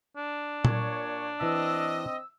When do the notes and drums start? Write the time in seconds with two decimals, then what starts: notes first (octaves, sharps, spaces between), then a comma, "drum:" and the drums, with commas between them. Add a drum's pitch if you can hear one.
0.17 D4
0.65 A#2 C#5, drum: tom A#2
1.41 E3 C4 D#5 A5 E6